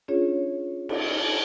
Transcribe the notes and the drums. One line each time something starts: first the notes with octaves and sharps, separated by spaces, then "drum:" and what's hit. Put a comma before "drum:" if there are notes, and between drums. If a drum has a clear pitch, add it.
C#4 D4 F4 G#4 C#5
drum: cymbal